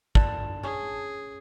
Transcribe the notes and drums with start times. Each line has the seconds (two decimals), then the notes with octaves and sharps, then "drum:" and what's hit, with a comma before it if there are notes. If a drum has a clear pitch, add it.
0.15 D3 A5, drum: kick
0.63 C#4 G#4